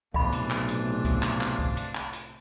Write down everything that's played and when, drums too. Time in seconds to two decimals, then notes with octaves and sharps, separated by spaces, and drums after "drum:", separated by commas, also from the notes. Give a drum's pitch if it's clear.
0.14 B1 A2 C3 E3 D4 F4 F5 B5, drum: kick C2
0.32 drum: hi-hat
0.50 drum: clap
0.69 drum: hi-hat
1.05 drum: kick C2, hi-hat
1.23 drum: clap
1.41 drum: clap
1.59 drum: kick C2
1.77 drum: hi-hat
1.95 drum: clap
2.13 drum: hi-hat